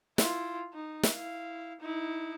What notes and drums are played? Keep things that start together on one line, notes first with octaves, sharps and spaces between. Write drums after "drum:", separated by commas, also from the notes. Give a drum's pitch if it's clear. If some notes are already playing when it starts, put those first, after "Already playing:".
E4 F4, drum: snare
D#4
drum: snare
E4 F5
D#4 E4